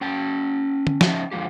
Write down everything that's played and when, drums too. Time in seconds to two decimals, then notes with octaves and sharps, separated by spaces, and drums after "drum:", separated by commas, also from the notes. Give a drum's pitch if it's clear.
0.01 C#4 G5 A5
0.87 drum: tom D3
1.01 F3 C#4 D#4 D#5 E5 A5, drum: snare
1.32 D3 F3 G#3 F4 G4